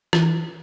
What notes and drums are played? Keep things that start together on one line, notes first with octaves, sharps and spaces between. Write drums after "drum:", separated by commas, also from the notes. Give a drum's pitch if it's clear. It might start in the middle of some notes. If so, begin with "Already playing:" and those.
E3, drum: rim click